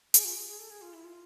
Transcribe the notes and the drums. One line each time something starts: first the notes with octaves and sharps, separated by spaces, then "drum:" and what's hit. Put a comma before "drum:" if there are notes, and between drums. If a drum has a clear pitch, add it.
G#4, drum: hi-hat
F4
G#4
G#4
A4
G#4
F4
E4
F4